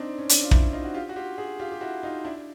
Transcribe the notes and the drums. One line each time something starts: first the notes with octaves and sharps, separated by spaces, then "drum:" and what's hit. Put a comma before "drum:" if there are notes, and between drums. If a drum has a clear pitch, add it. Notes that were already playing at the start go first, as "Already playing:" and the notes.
Already playing: C4 D4 D#4
C#4
C4 D4, drum: hi-hat
F4
D4 E4, drum: kick
D#4 F4
F#4
F4 G4
F#4
F4 G4
F#4 G#4
F4 G4
G4
E4 F#4
D#4 F4
D4 E4